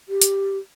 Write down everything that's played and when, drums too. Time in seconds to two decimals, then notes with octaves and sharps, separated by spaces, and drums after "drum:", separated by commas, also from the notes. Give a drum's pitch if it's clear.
0.09 G4
0.22 drum: hi-hat